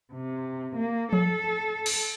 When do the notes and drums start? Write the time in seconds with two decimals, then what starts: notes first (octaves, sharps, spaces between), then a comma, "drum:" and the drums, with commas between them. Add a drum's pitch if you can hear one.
0.13 C3
0.76 A#3
1.13 A4, drum: tom F3
1.86 drum: cymbal